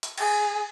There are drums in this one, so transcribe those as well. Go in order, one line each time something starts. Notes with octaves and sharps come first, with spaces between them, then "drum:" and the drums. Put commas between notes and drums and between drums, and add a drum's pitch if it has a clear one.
drum: hi-hat
G#4, drum: cymbal